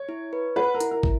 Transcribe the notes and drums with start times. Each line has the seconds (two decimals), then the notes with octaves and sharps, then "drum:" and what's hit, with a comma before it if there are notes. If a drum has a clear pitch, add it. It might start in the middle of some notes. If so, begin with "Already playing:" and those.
Already playing: C#5
0.09 E4
0.33 B4
0.56 B4 F#5
0.74 A#4
0.80 E4, drum: hi-hat
0.91 A#4
1.03 E4, drum: kick